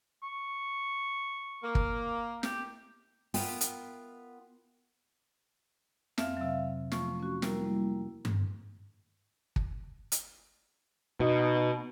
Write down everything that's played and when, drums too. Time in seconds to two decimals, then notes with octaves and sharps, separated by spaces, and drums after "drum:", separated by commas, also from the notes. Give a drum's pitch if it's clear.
0.23 C#6
1.62 A#3
1.75 drum: kick
2.43 G4, drum: snare
3.34 B3 F4 A#4 E5 G5, drum: open hi-hat
3.61 drum: hi-hat
6.18 F2 C4 E5 F5 F6, drum: snare
6.37 C3 F#3
6.92 F3 A3 F4 C#6, drum: snare
7.20 C#4 F#4
7.42 G3 A#3 E4 A#4, drum: snare
8.25 drum: tom G2
9.56 drum: kick
10.12 drum: hi-hat
11.20 B2 D#4